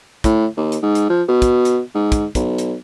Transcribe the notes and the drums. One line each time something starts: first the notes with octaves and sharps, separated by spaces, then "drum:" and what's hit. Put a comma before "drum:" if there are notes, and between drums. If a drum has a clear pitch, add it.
A2, drum: kick, hi-hat
D#2
drum: hi-hat
G#2
drum: hi-hat
F3
B2
drum: kick, hi-hat
drum: hi-hat
G#2
drum: kick, hi-hat
B1, drum: kick, hi-hat
drum: hi-hat